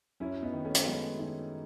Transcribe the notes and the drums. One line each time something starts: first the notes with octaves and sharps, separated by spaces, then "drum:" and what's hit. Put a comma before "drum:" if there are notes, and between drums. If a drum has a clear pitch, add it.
F#2 C#4 E4
B3 D#4
D#3
A3 C#4
drum: hi-hat
F#2 G#3 B3
D#3 B3 D#4